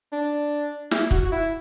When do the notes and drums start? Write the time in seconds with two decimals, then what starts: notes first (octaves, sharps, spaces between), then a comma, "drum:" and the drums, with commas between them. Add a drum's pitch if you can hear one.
0.12 D4
0.91 E4, drum: snare
1.11 F#4, drum: kick
1.25 F#4
1.32 E4